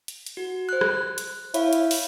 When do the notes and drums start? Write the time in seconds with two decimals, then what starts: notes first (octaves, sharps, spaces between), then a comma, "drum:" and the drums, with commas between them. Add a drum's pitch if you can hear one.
0.08 drum: hi-hat
0.27 drum: hi-hat
0.37 F#4
0.69 C5 F#6
0.81 drum: rim click
1.18 drum: hi-hat
1.54 E4 C#5 F5, drum: hi-hat
1.73 drum: hi-hat
1.91 drum: open hi-hat